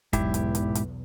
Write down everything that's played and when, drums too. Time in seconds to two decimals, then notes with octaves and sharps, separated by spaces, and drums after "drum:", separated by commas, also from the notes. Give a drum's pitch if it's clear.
0.13 B1 E2 G#2 E4 G4, drum: kick, hi-hat
0.34 drum: hi-hat
0.55 drum: hi-hat
0.75 drum: hi-hat